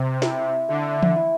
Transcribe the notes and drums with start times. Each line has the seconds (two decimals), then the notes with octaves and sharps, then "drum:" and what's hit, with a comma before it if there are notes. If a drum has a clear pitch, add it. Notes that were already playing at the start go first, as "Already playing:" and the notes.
Already playing: C3 C4
0.22 E4, drum: snare
0.69 D3 A3
1.03 drum: tom E3
1.16 E4